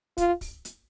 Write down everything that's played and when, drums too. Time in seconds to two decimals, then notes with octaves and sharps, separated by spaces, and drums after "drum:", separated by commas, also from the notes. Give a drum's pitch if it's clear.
0.18 F4, drum: kick, hi-hat
0.41 drum: kick, open hi-hat
0.65 drum: hi-hat